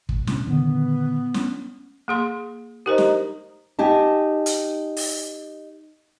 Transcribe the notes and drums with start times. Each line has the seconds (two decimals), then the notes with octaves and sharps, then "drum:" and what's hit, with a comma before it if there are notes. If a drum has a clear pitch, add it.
0.09 A#1 G#2, drum: kick
0.27 C3 B3 C#4, drum: snare
0.47 A#2 D3 D#3 B3
1.34 C#4, drum: snare
2.08 A#3 G#4 C6
2.86 D#4 G4 A#4 C5
2.98 drum: snare
3.79 D#4 G4 G#5 A5
4.46 drum: hi-hat
4.97 drum: open hi-hat